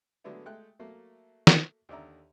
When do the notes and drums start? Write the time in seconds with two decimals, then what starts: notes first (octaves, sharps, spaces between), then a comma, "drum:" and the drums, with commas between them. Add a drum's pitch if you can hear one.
0.24 D3 F#3 G#3 A3 B3 D4
0.46 G#3 A3 G5 F#6
0.79 F#3 A3 A#3
1.47 drum: snare
1.89 D#2 D3 D5 E5 A#5